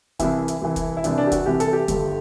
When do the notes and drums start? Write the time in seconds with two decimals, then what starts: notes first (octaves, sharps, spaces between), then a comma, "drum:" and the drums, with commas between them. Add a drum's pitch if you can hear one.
0.19 C2 C3 E3 E4, drum: kick, hi-hat
0.48 drum: hi-hat
0.62 C2 C3 E3
0.76 drum: kick, hi-hat
0.97 E4
1.04 C2 C3 E3 D4, drum: hi-hat
1.18 D4
1.27 G4
1.32 F#4, drum: kick, hi-hat
1.46 C2 C3 E3 G4
1.60 A4, drum: hi-hat
1.73 G4
1.88 G1 G2 D3, drum: kick, hi-hat